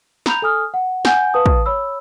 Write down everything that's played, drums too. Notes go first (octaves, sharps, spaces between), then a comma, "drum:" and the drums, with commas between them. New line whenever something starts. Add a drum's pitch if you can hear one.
A#5 B5 G6 F7, drum: snare
A4 G#5 D#6 F6
F#5
F#5 G#5 G6, drum: snare
B4 F5 A5 D#6
drum: kick
C#5 B5 E6